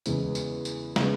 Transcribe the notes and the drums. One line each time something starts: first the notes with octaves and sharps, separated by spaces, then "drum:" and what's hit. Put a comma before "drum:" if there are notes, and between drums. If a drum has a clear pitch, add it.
E2 C#3 G#3 B3, drum: tambourine
drum: tambourine
drum: tambourine
C#3 G#3 B3, drum: snare